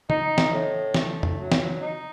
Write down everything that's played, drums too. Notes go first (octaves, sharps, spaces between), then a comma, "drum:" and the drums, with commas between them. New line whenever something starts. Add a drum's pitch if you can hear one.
D#4, drum: tom
drum: snare
A2
A3, drum: snare
drum: tom F2
F#3
drum: snare
D#4